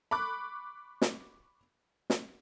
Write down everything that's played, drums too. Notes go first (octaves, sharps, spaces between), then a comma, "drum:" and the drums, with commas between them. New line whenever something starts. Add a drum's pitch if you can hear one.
B5 C#6 D6 F#6
drum: snare
drum: snare